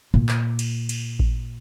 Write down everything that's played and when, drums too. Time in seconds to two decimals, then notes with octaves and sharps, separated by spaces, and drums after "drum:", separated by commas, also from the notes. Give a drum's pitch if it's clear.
0.14 A#2
0.29 drum: clap
0.59 drum: cymbal
0.89 drum: cymbal
1.19 drum: kick A1